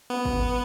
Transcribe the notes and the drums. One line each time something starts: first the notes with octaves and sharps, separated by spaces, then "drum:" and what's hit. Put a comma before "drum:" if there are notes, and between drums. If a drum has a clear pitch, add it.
B3
drum: kick